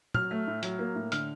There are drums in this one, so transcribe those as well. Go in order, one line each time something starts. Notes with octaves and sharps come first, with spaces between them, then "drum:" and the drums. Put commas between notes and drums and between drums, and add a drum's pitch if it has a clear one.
F#3 F6, drum: tom
A3
A2
F#3, drum: hi-hat
A#3
A2
D3 F6, drum: hi-hat